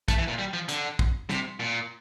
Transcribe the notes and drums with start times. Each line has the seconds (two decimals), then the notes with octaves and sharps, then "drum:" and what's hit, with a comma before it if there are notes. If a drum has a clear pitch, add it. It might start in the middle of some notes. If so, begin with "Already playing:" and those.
0.08 A3, drum: kick, hi-hat
0.18 E3
0.28 A#2
0.39 G3
0.54 F3
0.69 D3, drum: hi-hat
0.99 drum: kick
1.29 C3, drum: snare
1.60 A#2